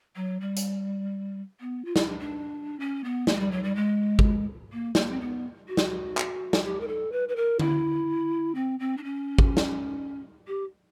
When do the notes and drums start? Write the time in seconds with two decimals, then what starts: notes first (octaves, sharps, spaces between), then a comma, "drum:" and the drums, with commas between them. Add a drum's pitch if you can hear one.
0.16 F#3
0.40 G3
0.56 drum: hi-hat
1.60 B3
1.85 F4
1.96 E4, drum: snare
2.08 D4
2.20 D4
2.80 C#4
3.04 B3
3.27 A#3, drum: snare
3.34 G#3
3.39 G3
3.51 F#3
3.63 G3
3.75 G#3
4.19 drum: kick
4.72 A#3
4.95 A#3, drum: snare
5.10 C4
5.20 B3
5.68 F#4
5.77 drum: snare
6.17 drum: clap
6.53 drum: snare
6.64 G4
6.80 A#4
6.87 A4
7.12 B4
7.28 B4
7.36 A#4
7.60 E4, drum: tom D3
8.54 C4
8.79 C4
8.97 D4
9.04 C#4
9.39 drum: kick
9.57 drum: snare
10.47 G4